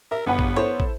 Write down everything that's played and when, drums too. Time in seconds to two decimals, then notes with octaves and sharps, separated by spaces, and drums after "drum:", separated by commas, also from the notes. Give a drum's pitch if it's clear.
0.12 A#4 E5
0.27 G1 B3 B4 F#5
0.39 drum: kick
0.56 E4 A4 C5 C#5
0.80 drum: kick